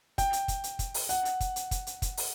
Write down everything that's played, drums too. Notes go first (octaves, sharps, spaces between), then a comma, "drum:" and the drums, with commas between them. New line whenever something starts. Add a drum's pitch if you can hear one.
G5, drum: kick, hi-hat
drum: hi-hat
drum: kick, hi-hat
drum: hi-hat
drum: kick, hi-hat
drum: open hi-hat
F#5, drum: hi-hat
drum: hi-hat
drum: kick, hi-hat
drum: hi-hat
drum: kick, hi-hat
drum: hi-hat
drum: kick, hi-hat
drum: open hi-hat